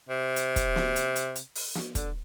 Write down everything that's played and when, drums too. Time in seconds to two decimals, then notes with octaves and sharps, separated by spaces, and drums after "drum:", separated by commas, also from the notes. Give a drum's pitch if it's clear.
0.09 C3
0.36 drum: hi-hat
0.56 drum: kick, hi-hat
0.76 drum: snare
0.96 drum: hi-hat
1.16 drum: hi-hat
1.35 drum: hi-hat
1.55 drum: open hi-hat
1.75 drum: snare
1.95 D3, drum: kick, hi-hat